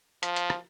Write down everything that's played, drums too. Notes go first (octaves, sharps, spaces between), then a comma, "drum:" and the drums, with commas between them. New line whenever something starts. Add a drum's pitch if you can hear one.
F3, drum: hi-hat
drum: hi-hat
drum: rim click